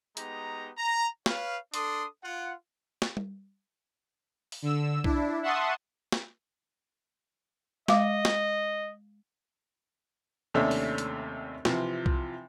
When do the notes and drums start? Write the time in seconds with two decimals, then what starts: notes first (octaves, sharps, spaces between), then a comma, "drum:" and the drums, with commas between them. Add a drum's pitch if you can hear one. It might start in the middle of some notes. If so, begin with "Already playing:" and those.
0.17 G#3 B3 D#4 G4 A#5, drum: hi-hat
0.77 A#5
1.26 B4 C#5 F5, drum: snare
1.74 D4 A4 C6 D#6, drum: hi-hat
2.23 F4 F#5
3.02 drum: snare
3.17 drum: tom G3
4.52 drum: open hi-hat
4.62 D3 E6
5.04 D4 E4, drum: kick B1
5.42 E5 F#5 A5 C6 C#6 D#6
6.12 drum: snare
7.88 G#3 D#5 F5 D6, drum: snare
8.25 drum: snare
10.54 D#2 C3 A3 C#4 D4 E5
10.71 drum: open hi-hat
10.98 drum: hi-hat
11.65 C3 E3 F3, drum: snare
12.06 drum: kick B1